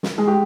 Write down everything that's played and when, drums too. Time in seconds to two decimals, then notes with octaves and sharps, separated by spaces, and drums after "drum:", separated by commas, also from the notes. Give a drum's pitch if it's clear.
0.03 drum: snare
0.18 G#3 G#4
0.27 G4